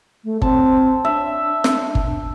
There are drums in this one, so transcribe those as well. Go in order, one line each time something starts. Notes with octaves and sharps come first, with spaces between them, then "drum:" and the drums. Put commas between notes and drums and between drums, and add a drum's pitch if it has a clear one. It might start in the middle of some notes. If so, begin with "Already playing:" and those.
A3
C4 A5, drum: kick G1
D4 E5
drum: snare
drum: kick G1